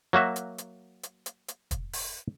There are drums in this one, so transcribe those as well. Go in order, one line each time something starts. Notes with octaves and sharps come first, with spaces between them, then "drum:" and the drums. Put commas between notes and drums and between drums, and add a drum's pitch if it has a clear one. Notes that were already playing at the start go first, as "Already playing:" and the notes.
F#3 A#3 F#4 E5
drum: hi-hat
drum: hi-hat
drum: hi-hat
drum: hi-hat
drum: hi-hat
drum: kick, hi-hat
drum: open hi-hat